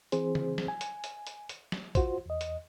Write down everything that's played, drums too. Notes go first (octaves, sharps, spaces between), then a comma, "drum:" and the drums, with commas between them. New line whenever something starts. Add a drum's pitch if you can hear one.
E3 C4 G#4 C5, drum: hi-hat
drum: tom C#3
drum: snare
G#5
drum: hi-hat
drum: hi-hat
drum: hi-hat
drum: hi-hat
drum: snare
F4 F#4 C5, drum: kick A#1, hi-hat
E2 D#5
drum: hi-hat